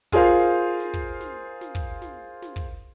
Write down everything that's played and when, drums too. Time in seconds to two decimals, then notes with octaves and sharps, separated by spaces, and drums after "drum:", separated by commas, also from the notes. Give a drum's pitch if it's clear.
0.12 F4 G#4 A#4 C5 F5, drum: kick
0.39 drum: snare
0.80 drum: snare
0.94 drum: kick
1.21 drum: snare
1.61 drum: snare
1.75 drum: kick
2.02 drum: snare
2.42 drum: snare
2.56 drum: kick